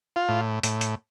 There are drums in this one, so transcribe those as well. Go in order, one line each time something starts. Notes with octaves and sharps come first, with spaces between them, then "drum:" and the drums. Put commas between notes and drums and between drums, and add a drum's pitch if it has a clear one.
F4
A2
A2, drum: hi-hat
drum: hi-hat